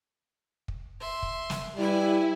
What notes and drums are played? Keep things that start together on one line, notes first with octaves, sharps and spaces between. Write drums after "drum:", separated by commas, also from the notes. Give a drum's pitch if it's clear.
drum: kick
E5 C6
drum: kick
drum: snare
G3 E4 B4 G#5